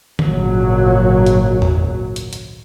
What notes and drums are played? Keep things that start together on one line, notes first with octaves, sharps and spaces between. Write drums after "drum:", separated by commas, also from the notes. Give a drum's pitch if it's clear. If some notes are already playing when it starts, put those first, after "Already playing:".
G#1 C#2 A#2 F#3, drum: tom D3
drum: hi-hat
drum: tom E2
drum: hi-hat
drum: hi-hat